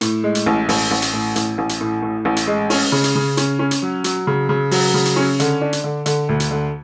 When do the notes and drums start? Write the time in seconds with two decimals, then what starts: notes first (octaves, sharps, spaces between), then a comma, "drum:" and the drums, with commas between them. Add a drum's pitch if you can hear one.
0.01 A2, drum: hi-hat
0.24 G#3
0.35 drum: hi-hat
0.46 A1
0.69 A1, drum: open hi-hat
0.91 A1
1.02 drum: hi-hat
1.13 A2
1.36 A1, drum: hi-hat
1.58 A1
1.69 drum: hi-hat
1.81 A2
2.02 A2
2.25 A1
2.36 drum: hi-hat
2.47 G#3
2.70 C#4, drum: open hi-hat
2.92 C#3
3.04 drum: hi-hat
3.15 C#3
3.37 C#4, drum: hi-hat
3.59 C#4
3.71 drum: hi-hat
3.82 F#3
4.04 F#3, drum: hi-hat
4.27 C#3
4.49 C#3
4.71 F#3, drum: open hi-hat
4.94 C#3
5.05 drum: hi-hat
5.16 C#4
5.40 D3, drum: hi-hat
5.61 D4
5.73 drum: hi-hat
5.84 D3
6.06 D3, drum: hi-hat
6.29 D2
6.40 drum: hi-hat
6.51 D3